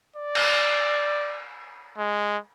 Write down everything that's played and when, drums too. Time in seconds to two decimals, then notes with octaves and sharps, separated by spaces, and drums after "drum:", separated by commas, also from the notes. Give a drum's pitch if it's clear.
0.16 D5
0.35 drum: cymbal
1.98 G#3